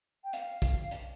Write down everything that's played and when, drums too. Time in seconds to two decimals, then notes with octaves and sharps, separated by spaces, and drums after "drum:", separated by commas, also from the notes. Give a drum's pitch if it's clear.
0.24 G5
0.33 F5, drum: hi-hat
0.62 drum: kick, hi-hat
0.91 drum: hi-hat